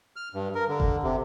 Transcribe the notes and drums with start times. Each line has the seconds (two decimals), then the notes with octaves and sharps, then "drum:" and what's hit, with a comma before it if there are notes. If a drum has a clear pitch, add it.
0.16 F6
0.33 G2
0.55 A#4
0.68 D3
0.80 drum: kick F#1
1.03 C3